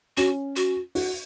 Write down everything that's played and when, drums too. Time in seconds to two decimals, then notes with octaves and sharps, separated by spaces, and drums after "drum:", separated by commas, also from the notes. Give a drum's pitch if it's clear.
0.17 C#4 F#4, drum: hi-hat
0.56 F#4, drum: hi-hat
0.95 F#4, drum: open hi-hat